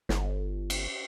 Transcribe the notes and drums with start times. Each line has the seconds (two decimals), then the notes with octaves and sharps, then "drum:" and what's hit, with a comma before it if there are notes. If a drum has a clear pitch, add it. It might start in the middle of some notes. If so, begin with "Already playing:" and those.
0.09 G1, drum: snare
0.70 drum: cymbal